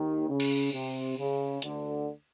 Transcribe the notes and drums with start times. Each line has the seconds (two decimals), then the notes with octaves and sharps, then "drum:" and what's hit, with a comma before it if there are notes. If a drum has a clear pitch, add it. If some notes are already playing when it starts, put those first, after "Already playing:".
Already playing: D#2 D#3
0.29 C#3
0.40 drum: cymbal
0.73 C3
1.18 C#3
1.62 D2 D3, drum: hi-hat